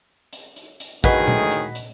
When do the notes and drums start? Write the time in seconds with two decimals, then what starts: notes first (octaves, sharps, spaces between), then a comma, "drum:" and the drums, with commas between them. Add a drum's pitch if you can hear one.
0.33 drum: hi-hat
0.56 drum: hi-hat
0.80 drum: hi-hat
1.04 D2 A2 D#3 F#4 G#4 B4 D#5, drum: kick, hi-hat
1.28 drum: tom A#2
1.51 drum: hi-hat
1.75 drum: hi-hat